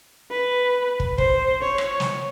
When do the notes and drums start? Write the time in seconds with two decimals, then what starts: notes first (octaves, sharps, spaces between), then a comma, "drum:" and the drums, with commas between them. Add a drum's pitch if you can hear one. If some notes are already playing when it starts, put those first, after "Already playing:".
0.31 B4
1.00 drum: kick
1.18 C5, drum: kick
1.61 C#5
1.78 drum: rim click
2.00 drum: snare